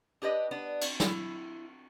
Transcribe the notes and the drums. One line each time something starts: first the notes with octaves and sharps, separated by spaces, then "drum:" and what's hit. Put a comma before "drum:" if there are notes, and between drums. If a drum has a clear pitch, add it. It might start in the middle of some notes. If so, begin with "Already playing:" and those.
D4 G4 B4 D#5
B3 D4
drum: cymbal
E4, drum: snare